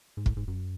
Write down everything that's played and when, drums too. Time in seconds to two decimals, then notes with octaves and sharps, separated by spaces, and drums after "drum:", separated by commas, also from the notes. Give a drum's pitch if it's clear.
0.17 G#2
0.26 A2, drum: kick
0.37 G#2
0.48 F#2